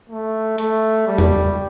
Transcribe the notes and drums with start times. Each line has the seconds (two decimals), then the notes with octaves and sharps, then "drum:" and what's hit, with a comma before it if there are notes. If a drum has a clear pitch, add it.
0.10 A3
0.58 A3, drum: hi-hat
1.07 G3
1.18 drum: tom E2